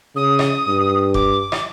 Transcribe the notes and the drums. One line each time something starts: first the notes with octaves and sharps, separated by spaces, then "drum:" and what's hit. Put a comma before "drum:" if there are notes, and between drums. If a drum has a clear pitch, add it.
C#3 D#6
drum: rim click
G2
D6, drum: kick F1
drum: rim click